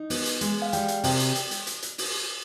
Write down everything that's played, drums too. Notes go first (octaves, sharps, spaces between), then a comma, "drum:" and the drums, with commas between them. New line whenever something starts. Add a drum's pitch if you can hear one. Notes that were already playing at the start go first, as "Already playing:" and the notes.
Already playing: D#4
B3, drum: open hi-hat
drum: hi-hat
G#3, drum: hi-hat
F5
G3 G5, drum: hi-hat
drum: hi-hat
C3, drum: open hi-hat
drum: hi-hat
drum: hi-hat
drum: hi-hat
drum: hi-hat
drum: hi-hat
drum: open hi-hat